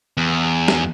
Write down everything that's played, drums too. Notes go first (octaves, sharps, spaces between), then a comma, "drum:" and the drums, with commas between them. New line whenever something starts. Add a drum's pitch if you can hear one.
E2
drum: snare